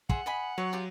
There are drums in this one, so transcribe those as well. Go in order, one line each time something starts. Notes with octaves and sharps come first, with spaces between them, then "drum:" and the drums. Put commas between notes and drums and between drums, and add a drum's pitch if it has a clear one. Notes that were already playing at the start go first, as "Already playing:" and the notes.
G#4 C5 E5 F#5, drum: kick
D#5 G#5 B5
F#3 C#5
F4 G4 G5